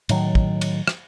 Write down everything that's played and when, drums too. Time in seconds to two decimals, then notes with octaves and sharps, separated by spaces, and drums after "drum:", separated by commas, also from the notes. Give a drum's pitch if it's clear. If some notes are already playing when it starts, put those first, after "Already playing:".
0.09 A2 D#3 F#3, drum: cymbal
0.35 drum: kick
0.61 drum: cymbal
0.87 drum: rim click